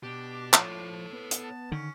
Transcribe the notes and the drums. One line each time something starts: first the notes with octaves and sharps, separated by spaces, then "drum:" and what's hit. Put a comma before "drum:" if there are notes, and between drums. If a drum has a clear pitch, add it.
B2 D4 G4
F3 A4 C#5, drum: clap
B3
drum: hi-hat
A5
D3 D#3 C#4